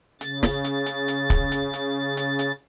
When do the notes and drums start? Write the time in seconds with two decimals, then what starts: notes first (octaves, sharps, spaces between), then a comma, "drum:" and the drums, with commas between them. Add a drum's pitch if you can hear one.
0.21 C#3 A6, drum: hi-hat
0.43 drum: snare
0.65 drum: hi-hat
0.86 drum: hi-hat
1.08 drum: hi-hat
1.30 drum: kick, hi-hat
1.52 drum: hi-hat
1.74 drum: hi-hat
2.17 drum: hi-hat
2.39 drum: hi-hat